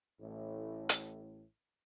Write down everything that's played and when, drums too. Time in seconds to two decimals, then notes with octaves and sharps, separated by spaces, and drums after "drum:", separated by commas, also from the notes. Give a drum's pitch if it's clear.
0.20 A1 A2
0.89 drum: hi-hat